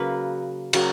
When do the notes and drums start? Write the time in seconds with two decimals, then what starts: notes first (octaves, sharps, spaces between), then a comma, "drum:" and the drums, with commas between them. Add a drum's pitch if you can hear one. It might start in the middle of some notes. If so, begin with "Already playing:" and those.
Already playing: C#3 F#3 A#3 B4
0.73 C#3 F#3 A#3, drum: cymbal